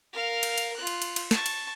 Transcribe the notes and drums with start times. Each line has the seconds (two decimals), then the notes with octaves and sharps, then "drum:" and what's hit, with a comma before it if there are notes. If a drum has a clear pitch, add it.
0.13 A#4 F5
0.43 drum: cymbal
0.58 drum: cymbal
0.76 F4 F#6
0.87 drum: cymbal
1.02 drum: cymbal
1.16 drum: cymbal
1.31 A5 C#6, drum: snare
1.46 drum: cymbal